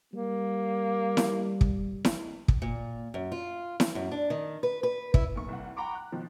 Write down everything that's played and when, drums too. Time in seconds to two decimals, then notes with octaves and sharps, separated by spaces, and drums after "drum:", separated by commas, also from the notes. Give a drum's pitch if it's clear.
0.13 G3 A#3
1.17 drum: snare E4
1.61 drum: kick
2.05 drum: snare E4
2.48 drum: kick
2.62 A#2
3.14 F#2
3.32 F4
3.80 drum: snare E4
3.95 F#2
4.11 D4
4.30 D#3
4.63 B4
4.83 B4
5.14 E4, drum: kick
5.35 B1 A#3 C#6
5.48 C2 F#5
5.77 F#5 G5 A#5 B5 C#6 D6
5.95 F#6
6.12 B2 D#3 F3